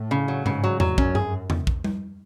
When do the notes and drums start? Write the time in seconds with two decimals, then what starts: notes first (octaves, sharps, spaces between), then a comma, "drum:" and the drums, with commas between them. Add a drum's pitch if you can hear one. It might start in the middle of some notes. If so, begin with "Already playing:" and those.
Already playing: A2
0.11 C#3
0.28 F#3
0.46 G#2 C#3, drum: tom G2
0.64 F#3
0.80 F#3, drum: tom E2
0.98 F#2 C#4, drum: kick
1.15 G#4, drum: tom G2
1.50 drum: tom E2
1.67 drum: kick
1.84 drum: tom G3